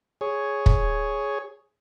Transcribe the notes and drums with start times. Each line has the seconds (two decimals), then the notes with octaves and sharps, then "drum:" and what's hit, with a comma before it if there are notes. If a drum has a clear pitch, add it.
0.21 G#4 C#5
0.66 drum: kick